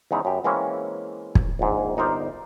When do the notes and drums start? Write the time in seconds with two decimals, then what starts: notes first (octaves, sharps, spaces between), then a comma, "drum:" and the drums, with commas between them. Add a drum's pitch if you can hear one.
0.11 E2 C#3 G#3 D#4 E4
0.25 F#2 G4
0.44 E3 G#3 A#3 C4 C#4
1.35 drum: kick
1.59 A#1 G#2
1.97 G1 D#4 A#4 C5 D5